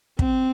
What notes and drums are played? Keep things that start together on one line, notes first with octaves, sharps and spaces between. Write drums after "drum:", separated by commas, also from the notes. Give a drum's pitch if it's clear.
C4, drum: kick